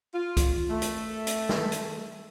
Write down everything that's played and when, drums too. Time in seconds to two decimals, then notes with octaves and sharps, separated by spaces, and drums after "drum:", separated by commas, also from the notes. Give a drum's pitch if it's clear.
0.14 F4
0.37 drum: kick, hi-hat
0.70 A3
0.82 drum: hi-hat
1.27 drum: hi-hat
1.49 drum: snare
1.72 drum: hi-hat